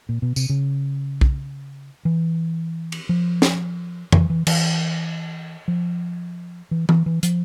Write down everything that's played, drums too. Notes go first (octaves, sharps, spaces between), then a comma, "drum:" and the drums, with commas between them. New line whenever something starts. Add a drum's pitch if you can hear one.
A#2
B2
C3, drum: tambourine
C#3
drum: kick B1
E3
drum: cymbal
F3
drum: snare
E3, drum: tom F2
E3
E3, drum: cymbal
F3
E3
E3, drum: tom
E3
F3, drum: hi-hat